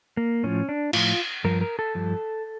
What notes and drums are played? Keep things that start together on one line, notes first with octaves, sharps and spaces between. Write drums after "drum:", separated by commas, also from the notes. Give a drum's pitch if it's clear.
A#3
A2 F3 C#4
D4
A2 F3 F4, drum: cymbal
G2 F3 A#4
A#4
A4
G2 F3